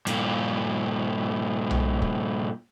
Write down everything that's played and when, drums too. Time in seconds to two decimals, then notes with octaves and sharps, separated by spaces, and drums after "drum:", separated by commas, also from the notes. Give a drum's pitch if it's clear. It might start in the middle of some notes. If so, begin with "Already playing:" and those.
0.07 G2 A#2, drum: hi-hat
1.70 drum: tom B1
2.02 drum: kick